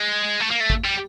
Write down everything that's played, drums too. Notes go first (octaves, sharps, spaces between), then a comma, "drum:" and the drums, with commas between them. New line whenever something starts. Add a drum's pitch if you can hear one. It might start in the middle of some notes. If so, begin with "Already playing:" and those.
Already playing: G#3
A3
A#3
A3
drum: kick G#1
G3